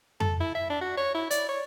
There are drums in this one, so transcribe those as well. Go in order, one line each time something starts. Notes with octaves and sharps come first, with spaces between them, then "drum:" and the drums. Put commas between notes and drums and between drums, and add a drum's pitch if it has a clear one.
A4, drum: tom F2
E4
E5
D4
F#4
C#5
E4
D5, drum: hi-hat
C#5